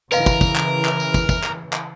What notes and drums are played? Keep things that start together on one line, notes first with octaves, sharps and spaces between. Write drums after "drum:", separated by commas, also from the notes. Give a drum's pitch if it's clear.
C#3 E3 A#4 B4 D#5 F5, drum: tambourine
drum: kick, tambourine
drum: kick, tambourine
drum: clap
drum: clap
drum: tambourine
drum: kick, tambourine
drum: kick, tambourine
drum: clap
drum: clap